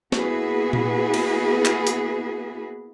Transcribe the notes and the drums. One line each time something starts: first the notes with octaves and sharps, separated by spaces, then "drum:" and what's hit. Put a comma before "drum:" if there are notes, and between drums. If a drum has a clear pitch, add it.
A#3 B3 E4 F#4 G#4 B4, drum: snare
drum: tom A#2
drum: cymbal
drum: clap
drum: hi-hat